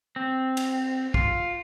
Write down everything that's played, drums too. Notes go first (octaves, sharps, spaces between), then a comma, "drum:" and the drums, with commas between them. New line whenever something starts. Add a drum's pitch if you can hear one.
C4
drum: cymbal
F4, drum: kick